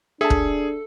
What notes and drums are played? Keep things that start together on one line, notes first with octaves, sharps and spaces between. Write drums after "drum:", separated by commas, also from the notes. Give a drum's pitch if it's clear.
D4 G#4 A4 E5 A5
drum: kick